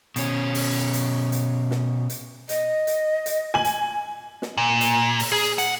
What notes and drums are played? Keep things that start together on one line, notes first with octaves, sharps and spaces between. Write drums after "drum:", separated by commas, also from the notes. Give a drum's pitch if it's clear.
B2 C#4, drum: hi-hat
drum: open hi-hat
drum: hi-hat
drum: hi-hat
drum: snare
drum: hi-hat
D#5, drum: hi-hat
drum: hi-hat
drum: hi-hat
G#5 F#7
drum: hi-hat
drum: snare
A#2
drum: hi-hat
drum: open hi-hat
G#4
F#5, drum: hi-hat